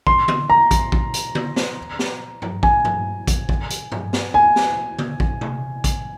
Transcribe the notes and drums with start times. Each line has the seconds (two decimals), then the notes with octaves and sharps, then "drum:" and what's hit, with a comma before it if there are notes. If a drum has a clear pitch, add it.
0.07 C6, drum: kick
0.28 drum: tom D3
0.50 A#5
0.71 drum: kick, hi-hat
0.92 drum: kick
1.14 drum: hi-hat
1.35 drum: tom D3
1.56 drum: snare
1.99 drum: snare
2.42 drum: tom G2
2.63 G#5, drum: kick
2.85 drum: tom G2
3.27 drum: kick, hi-hat
3.49 drum: kick
3.70 drum: hi-hat
3.92 drum: tom G2
4.13 drum: snare
4.34 G#5
4.56 drum: snare
4.99 drum: tom D3
5.20 drum: kick
5.41 drum: tom
5.84 drum: kick, hi-hat